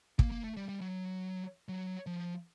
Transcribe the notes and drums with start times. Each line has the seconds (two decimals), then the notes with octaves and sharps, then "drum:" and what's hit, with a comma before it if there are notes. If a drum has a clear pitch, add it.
0.19 A#3, drum: kick
0.32 A#3
0.44 A3
0.57 G3
0.69 G3
0.81 F#3
1.69 F#3
2.07 F3